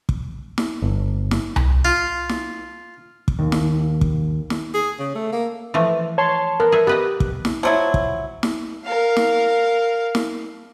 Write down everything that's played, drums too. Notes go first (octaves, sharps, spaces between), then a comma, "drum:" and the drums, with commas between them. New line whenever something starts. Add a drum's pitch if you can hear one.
drum: kick
drum: snare
G1
drum: snare
drum: tom C2
F4
drum: snare
drum: kick
D#2
drum: snare
drum: kick
drum: snare
G#4
C#3
A3
A#3
E3 F3 A3
C#5 A5 C6
B3 A#4
G#4 A4 E5
B3 G4 B4 D#5
drum: kick
drum: snare
F3 F#3 E4
drum: kick
drum: snare
A#4 F5
drum: snare
drum: snare